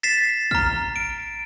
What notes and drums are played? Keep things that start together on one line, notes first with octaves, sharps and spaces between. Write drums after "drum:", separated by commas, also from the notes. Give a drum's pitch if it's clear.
A6 B6 C7 E7
A#5 F6, drum: kick
D7